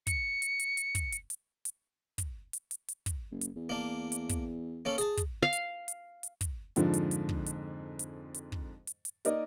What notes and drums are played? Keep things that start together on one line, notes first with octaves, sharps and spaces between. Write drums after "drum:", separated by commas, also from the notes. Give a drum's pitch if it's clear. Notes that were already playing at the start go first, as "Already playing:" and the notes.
C#7, drum: kick, hi-hat
drum: hi-hat
drum: hi-hat
drum: hi-hat
drum: kick, hi-hat
drum: hi-hat
drum: hi-hat
drum: hi-hat
drum: kick, hi-hat
drum: hi-hat
drum: hi-hat
drum: hi-hat
drum: kick, hi-hat
F#1
drum: hi-hat
E2
A#3 D4
drum: hi-hat
drum: kick, hi-hat
A#3 C#4 A4
G#4 A5, drum: hi-hat
drum: kick, hi-hat
F5
drum: hi-hat
drum: hi-hat
drum: hi-hat
drum: kick, hi-hat
F2 G#2 D3 F3, drum: hi-hat
drum: hi-hat
drum: hi-hat
drum: kick
drum: hi-hat
drum: hi-hat
drum: hi-hat
drum: kick
drum: hi-hat
drum: hi-hat
A#3 D#4 A#4 D5 D#5, drum: hi-hat